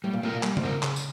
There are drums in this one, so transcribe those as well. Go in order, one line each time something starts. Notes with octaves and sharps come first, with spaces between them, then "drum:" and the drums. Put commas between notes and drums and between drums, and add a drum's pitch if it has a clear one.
A2 G3
A#2
A2 C4 F4 A#4
A#2
G3, drum: clap
G#2, drum: tom C#3
C4 F4 A#4
C#3, drum: clap
drum: tambourine